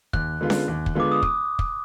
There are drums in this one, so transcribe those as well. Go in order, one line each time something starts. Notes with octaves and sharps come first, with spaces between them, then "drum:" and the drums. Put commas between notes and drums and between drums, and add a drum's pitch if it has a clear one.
D#2 F#6, drum: kick
D3 G#3 B3 F4
drum: snare C#4
D#2
drum: kick
D3 G#3 B3 F4 D6
D#6
drum: kick
drum: kick